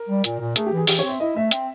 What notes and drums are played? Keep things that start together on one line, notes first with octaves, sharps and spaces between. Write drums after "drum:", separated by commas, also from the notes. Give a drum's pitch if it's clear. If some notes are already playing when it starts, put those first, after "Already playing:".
Already playing: A#4
G3
A#2, drum: hi-hat
A#2
A3 G#4, drum: hi-hat
G4
E3 G#4
E3 G4, drum: open hi-hat
C4 C#5
E5
E4 D#5
A3 E5
C4, drum: hi-hat